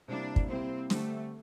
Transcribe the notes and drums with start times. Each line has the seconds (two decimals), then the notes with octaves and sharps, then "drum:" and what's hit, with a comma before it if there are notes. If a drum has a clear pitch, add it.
0.08 C3 G3 A#3 D4 E4
0.36 drum: kick
0.49 C3 G3 A#3 C4 E4
0.90 D3 G3 A3 C4 G4, drum: snare